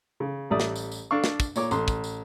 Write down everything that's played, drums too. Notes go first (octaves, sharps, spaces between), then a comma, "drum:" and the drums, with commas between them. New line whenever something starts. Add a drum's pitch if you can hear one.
C#3
A1 G3 D5 E5 D#6
drum: snare
drum: tambourine
drum: tambourine
D4 A4 F5 C#6
drum: snare
drum: kick, tambourine
A#2 C#5 D6, drum: tambourine
A1 C6, drum: tambourine
drum: kick, tambourine
drum: tambourine